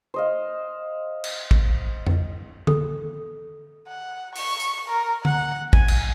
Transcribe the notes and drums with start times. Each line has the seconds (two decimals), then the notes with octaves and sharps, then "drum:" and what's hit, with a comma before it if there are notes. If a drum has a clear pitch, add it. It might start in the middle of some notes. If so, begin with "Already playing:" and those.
0.14 C5 D#5 F5
1.24 drum: cymbal
1.51 drum: kick
2.07 drum: tom F2
2.67 A4, drum: tom D3
3.88 F#5
4.36 C#6, drum: open hi-hat
4.60 drum: tambourine
4.89 A#4
5.25 F#5, drum: tom D3
5.73 G#5, drum: kick
5.88 drum: cymbal